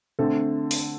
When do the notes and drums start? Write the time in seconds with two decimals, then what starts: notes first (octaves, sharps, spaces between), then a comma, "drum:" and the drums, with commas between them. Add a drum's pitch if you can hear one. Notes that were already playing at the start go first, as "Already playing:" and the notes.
0.19 D3 A3 C4 A4
0.71 drum: open hi-hat